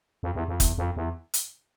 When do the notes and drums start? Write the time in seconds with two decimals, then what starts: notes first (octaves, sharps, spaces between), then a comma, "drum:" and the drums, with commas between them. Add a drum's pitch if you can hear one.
0.23 F2
0.35 E2
0.48 F2
0.60 E2, drum: kick, hi-hat
0.78 F2
0.96 E2
1.34 drum: hi-hat